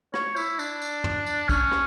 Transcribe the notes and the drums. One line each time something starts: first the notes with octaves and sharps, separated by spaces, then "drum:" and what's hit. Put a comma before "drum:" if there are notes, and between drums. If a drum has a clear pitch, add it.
C#5, drum: rim click
E4, drum: tambourine
D4, drum: tambourine
drum: tambourine
drum: tom
drum: tambourine
C#4, drum: kick, tambourine
drum: rim click